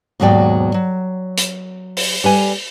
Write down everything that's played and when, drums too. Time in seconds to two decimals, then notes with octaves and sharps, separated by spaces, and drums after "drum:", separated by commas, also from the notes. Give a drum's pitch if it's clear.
0.20 D#2 G#2 B2 F#3 D5 G5
0.74 F#3
1.37 drum: hi-hat
1.97 drum: open hi-hat
2.24 G3 B4 G#5